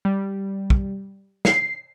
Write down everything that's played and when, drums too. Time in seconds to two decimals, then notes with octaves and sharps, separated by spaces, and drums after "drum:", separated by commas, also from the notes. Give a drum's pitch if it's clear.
0.05 G3
0.70 drum: kick
1.45 C7, drum: snare